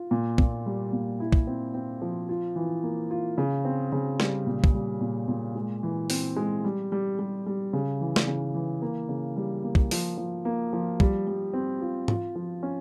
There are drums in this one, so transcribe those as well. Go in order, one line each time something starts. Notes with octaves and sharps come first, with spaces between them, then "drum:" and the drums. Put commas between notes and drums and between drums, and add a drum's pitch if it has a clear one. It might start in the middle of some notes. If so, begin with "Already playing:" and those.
Already playing: F4
A#2
A#2, drum: kick
G3
A#2
E4
drum: kick
C4
C4
F3
F4
E3
A#3
F4
C#3
C4
C#3
G3, drum: snare
A#2
drum: kick
G3
A#2
A#2
G#3
E3
C4, drum: open hi-hat
G#3
G3
G3
G3
G3
C#3
E3
drum: snare
C#3
E3
A#3
C#3
G3
A#3
drum: kick
F3, drum: open hi-hat
F3
A#3
F3
G3, drum: kick
G3
C4
F4
F4, drum: tom G#2
F3
C#4